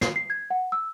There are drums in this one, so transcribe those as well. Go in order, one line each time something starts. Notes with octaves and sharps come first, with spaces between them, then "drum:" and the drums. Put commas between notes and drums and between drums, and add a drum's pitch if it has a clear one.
C7, drum: snare
C7
G#6
F#5
E6